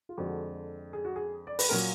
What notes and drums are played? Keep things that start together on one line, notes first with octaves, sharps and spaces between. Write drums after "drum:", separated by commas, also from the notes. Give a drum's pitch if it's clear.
F4
F2 D3 G#3 F#4
G#4
F#4
G#4
D5
B4, drum: open hi-hat
A#2 F#3 A#3 A#4